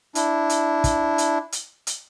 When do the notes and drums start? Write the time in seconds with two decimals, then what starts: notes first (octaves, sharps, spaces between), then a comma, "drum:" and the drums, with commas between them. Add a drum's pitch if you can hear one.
0.15 D4 E4, drum: hi-hat
0.50 drum: hi-hat
0.84 drum: kick, hi-hat
1.18 drum: hi-hat
1.52 drum: hi-hat
1.87 drum: hi-hat